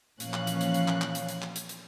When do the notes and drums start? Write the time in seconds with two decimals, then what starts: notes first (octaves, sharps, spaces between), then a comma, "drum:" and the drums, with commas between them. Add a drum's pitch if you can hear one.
0.20 A#2 E3 F3 C#4 F5 F#6, drum: hi-hat
0.34 drum: clap
0.47 drum: hi-hat
0.61 drum: hi-hat
0.74 drum: hi-hat
0.88 drum: clap
1.01 drum: clap
1.15 drum: hi-hat
1.29 drum: hi-hat
1.42 drum: clap
1.56 drum: hi-hat
1.69 drum: hi-hat